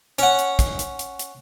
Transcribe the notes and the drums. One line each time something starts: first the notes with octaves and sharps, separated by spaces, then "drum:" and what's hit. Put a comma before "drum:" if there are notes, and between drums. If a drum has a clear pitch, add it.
C#4 F#5, drum: hi-hat
drum: hi-hat
drum: kick, hi-hat
drum: hi-hat
drum: hi-hat
drum: hi-hat